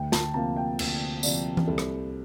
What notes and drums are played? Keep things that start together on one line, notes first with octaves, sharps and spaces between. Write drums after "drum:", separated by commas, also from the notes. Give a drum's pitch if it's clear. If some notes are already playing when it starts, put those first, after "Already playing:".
Already playing: D2 G5
A5, drum: snare
C3 F3 A#3 A5
G5
D2, drum: cymbal
C3 F3 A#3 D5, drum: tambourine
drum: tom E3
C2 A4
drum: rim click